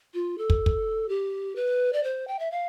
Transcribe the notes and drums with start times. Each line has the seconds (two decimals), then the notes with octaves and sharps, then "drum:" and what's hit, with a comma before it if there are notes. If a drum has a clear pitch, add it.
0.14 F4
0.38 A4
0.50 drum: kick
0.66 drum: kick
1.09 G4
1.56 B4
1.93 D5
2.04 C5
2.28 G5
2.39 E5
2.51 F5